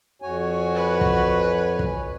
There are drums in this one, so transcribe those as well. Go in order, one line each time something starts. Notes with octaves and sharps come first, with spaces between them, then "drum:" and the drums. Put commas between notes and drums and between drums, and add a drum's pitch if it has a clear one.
F2 F#4 C#5 G#5
B4
drum: kick
drum: kick